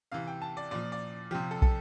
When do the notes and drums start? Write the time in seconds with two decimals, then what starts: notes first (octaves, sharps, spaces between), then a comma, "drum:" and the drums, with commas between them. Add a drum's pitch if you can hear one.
0.12 C3 E3 F5
0.27 G5
0.42 A5
0.57 D5
0.71 A#2 F3 D5
0.92 D5
1.31 C3 F3 G4
1.51 A4
1.62 A4, drum: kick